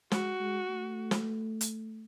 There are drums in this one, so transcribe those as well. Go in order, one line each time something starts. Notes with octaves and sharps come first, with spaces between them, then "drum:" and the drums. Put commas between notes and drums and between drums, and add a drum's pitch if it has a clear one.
G#3 F#4, drum: snare
G#3
A3
drum: snare
drum: hi-hat